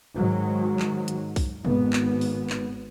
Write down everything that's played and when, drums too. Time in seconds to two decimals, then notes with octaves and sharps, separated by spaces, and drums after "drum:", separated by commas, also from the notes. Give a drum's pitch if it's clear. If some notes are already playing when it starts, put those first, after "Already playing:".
0.15 G#2 D#3 F#3
0.80 drum: clap
1.08 drum: hi-hat
1.36 drum: kick B1, open hi-hat
1.65 G#1 B3, drum: tom
1.93 drum: clap
2.21 drum: open hi-hat
2.50 drum: clap